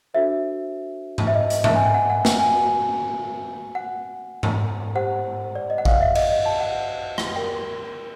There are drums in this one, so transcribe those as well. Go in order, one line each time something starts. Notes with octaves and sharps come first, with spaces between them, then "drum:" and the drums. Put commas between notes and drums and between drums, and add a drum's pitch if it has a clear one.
D4 F#4 A4 C5 E5
drum: tom G#2
E5
D#5
drum: hi-hat
E5, drum: tom G#2
G#5
G5
F#5
F#5
G5, drum: snare
G#5
F#4 B4 D5
F#5
drum: tom G#2
G4 C5 F#5
D5
D#5
F#5
F5, drum: kick A1
E5
D#5, drum: cymbal
D#5
A5
F#5
drum: rim click
G4 A#4 D5 G5